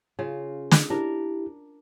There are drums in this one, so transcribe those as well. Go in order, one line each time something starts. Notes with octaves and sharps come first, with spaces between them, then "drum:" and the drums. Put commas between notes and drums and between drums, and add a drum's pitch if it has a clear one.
C#3 F4
drum: snare
D4 E4 G4 A#4